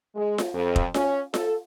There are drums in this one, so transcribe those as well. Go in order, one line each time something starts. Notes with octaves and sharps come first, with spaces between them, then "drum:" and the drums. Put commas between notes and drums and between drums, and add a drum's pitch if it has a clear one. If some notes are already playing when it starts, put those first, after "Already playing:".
G#3
drum: snare F4
F2
drum: kick F1
C#4, drum: snare F4
A4, drum: snare F4